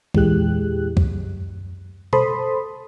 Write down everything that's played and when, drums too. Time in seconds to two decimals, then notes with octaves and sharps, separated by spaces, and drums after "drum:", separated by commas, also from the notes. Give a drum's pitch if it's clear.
0.14 E2 A#2 E3 G#3 G4 F#6, drum: kick C#2
0.97 F#2, drum: kick C#2
2.13 A4 C5 A5 B5 C6 D#6, drum: tom B2